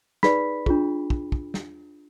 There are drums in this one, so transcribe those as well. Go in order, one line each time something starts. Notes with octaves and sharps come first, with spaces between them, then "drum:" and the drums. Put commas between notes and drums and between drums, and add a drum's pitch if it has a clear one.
D#4 G#4 B4 D5 B5 B6, drum: snare
D4 F4 G#4, drum: kick
drum: kick
drum: kick
drum: snare